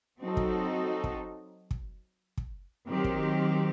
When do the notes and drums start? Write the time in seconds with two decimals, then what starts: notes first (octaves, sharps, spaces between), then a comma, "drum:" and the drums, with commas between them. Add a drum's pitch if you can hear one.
0.20 F#3 C4 D#4 F#4 A4
0.37 drum: kick
1.04 drum: kick
1.71 drum: kick
2.38 drum: kick
2.88 D#3 F#3 C4 G4
3.04 drum: kick